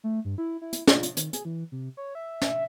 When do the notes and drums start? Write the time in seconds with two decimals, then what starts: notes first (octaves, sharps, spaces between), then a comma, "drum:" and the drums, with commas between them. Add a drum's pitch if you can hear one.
0.04 A3
0.25 G2
0.38 E4
0.62 E4
0.73 drum: hi-hat
0.87 F4, drum: snare
1.03 drum: hi-hat
1.17 D#3, drum: hi-hat
1.33 G#4, drum: hi-hat
1.45 E3
1.72 C3
1.97 C#5
2.15 E5
2.42 E5, drum: snare